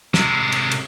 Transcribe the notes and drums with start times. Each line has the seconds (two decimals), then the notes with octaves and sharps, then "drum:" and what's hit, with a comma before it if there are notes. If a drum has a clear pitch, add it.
0.14 C3 G#3, drum: snare
0.52 drum: cymbal
0.72 drum: cymbal